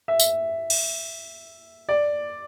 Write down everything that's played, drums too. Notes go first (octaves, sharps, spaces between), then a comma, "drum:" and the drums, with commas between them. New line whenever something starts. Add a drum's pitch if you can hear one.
E5
drum: tambourine
drum: cymbal
D5